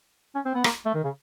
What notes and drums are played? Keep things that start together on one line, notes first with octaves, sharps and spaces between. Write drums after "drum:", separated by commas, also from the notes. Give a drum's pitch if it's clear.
C#4
C4
B3
A#3, drum: rim click
A3
D#3
C#3